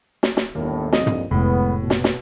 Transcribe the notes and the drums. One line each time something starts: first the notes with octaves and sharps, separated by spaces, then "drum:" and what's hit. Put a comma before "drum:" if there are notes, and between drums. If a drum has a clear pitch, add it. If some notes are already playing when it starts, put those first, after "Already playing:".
drum: snare
drum: snare
G1 D#2 A2 A#3
C2 F2 A#2 D#5, drum: snare
drum: tom
F1 A2 G#3 B3
B2
drum: snare
drum: snare